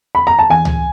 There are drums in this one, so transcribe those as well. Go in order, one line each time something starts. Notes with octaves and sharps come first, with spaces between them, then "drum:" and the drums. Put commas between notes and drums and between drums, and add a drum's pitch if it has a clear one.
B5
A#5
A5
E2 G#5
drum: tom C#2